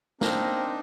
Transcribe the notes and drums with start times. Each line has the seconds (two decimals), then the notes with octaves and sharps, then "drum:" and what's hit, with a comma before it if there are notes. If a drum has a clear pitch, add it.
0.21 A#3 C4 D4 D#4, drum: snare